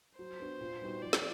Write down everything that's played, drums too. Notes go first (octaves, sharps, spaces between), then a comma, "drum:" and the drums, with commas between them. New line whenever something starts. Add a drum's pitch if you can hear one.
F#3 C5
B3 D4 F#4
A#2
G3 B3 D#4 F#4
F3 D5
drum: snare